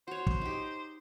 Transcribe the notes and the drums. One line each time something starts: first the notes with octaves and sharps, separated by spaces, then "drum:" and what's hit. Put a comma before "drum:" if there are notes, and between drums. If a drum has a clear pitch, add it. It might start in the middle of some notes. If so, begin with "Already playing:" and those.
F#4 C5 C#5
drum: kick
D#4 G4